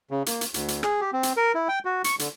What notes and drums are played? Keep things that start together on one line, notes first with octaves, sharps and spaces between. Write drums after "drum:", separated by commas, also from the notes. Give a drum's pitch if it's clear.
C#3
A#3, drum: hi-hat
drum: hi-hat
D2, drum: hi-hat
drum: hi-hat
G#4, drum: rim click
G4
C4
drum: hi-hat
A#4
E4
G5
F#4
C#6, drum: hi-hat
D3, drum: hi-hat